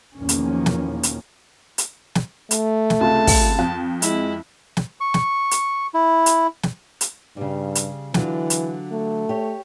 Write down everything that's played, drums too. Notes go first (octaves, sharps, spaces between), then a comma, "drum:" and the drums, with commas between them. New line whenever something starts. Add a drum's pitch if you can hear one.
E2 B2 D#3 F3 A#3 C#4
drum: hi-hat
drum: snare
drum: hi-hat
drum: hi-hat
drum: snare
A3, drum: hi-hat
drum: snare
C#2 C3 F4 A5
drum: kick, open hi-hat
F2
G#3 E4, drum: hi-hat
drum: snare
C#6
drum: snare
drum: hi-hat
E4
drum: hi-hat
drum: snare
drum: hi-hat
G2 C#3 G3
drum: hi-hat
D3 E3 F#3 F4, drum: snare
drum: hi-hat
A3
G4 C#5